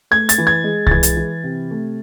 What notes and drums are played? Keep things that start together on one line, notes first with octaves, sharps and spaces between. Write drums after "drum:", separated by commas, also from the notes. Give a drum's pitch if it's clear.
A3 G#6
A6, drum: hi-hat
E3
G#6
G#3
A6, drum: kick C2
E3 G#6
drum: hi-hat
E3
C3
A3